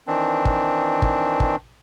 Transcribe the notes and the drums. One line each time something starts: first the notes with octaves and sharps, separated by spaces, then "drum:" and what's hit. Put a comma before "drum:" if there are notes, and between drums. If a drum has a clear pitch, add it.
D#3 E3 C4 D4
drum: kick
drum: kick
drum: kick